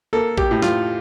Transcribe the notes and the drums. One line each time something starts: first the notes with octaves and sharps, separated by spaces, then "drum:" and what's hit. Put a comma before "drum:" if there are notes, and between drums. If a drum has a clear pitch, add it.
A#3 A4
G4, drum: kick A1
A2
F4, drum: snare